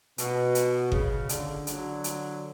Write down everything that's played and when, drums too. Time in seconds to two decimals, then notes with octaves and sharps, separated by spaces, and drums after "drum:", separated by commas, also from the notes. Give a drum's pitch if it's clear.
0.18 B2, drum: hi-hat
0.55 drum: hi-hat
0.92 C#3, drum: kick G1
1.29 D3, drum: hi-hat
1.67 D3 F#3, drum: hi-hat
2.04 drum: hi-hat